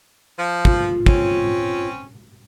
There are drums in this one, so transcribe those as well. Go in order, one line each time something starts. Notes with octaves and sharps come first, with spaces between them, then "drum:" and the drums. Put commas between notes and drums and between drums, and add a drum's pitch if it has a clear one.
F3
F4, drum: kick
C4 C#4, drum: kick